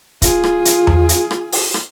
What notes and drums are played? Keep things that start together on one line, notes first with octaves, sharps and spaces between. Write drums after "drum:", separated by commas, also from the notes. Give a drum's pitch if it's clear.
F4 G#4, drum: kick, hi-hat
drum: rim click
drum: hi-hat
drum: tom E2
drum: hi-hat
drum: rim click
drum: open hi-hat
drum: rim click